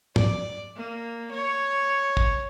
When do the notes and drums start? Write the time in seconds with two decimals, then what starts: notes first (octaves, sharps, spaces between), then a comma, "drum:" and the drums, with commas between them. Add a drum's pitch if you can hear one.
0.16 D5, drum: tom
0.76 A#3
1.31 C#5
2.17 drum: kick